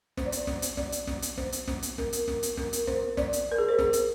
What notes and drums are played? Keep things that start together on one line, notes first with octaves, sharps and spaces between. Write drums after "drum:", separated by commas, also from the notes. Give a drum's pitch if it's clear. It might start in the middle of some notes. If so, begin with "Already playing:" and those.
C5, drum: snare
D5
C5, drum: hi-hat
drum: snare
drum: hi-hat
D5, drum: snare
drum: hi-hat
drum: snare
drum: hi-hat
C5, drum: snare
drum: hi-hat
drum: snare
drum: hi-hat
A#4, drum: snare
drum: hi-hat
drum: snare
drum: hi-hat
A#4, drum: snare
drum: hi-hat
C5, drum: snare
D5, drum: snare
drum: hi-hat
A#4
G#4
C5
G#4, drum: snare
drum: hi-hat